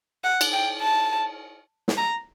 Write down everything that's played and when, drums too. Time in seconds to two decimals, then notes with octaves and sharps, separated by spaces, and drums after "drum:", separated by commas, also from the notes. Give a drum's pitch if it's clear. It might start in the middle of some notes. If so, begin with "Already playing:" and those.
0.24 F#5
0.41 drum: cymbal
0.53 G5
0.82 A5
1.88 drum: snare
1.97 A#5